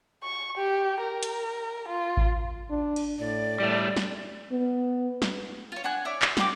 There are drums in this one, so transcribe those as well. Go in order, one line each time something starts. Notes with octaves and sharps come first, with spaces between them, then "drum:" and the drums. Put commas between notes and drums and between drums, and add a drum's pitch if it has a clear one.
C#6
G4
A#4
drum: hi-hat
F4
drum: kick G#1
D4
drum: cymbal
A2 D5
A2 G3 A3
drum: snare
B3
drum: snare
F4 C#5
D4 F#5 G#5 F#6
E4 C#5 D5
B5, drum: clap
F4 F#4 G5 D6, drum: snare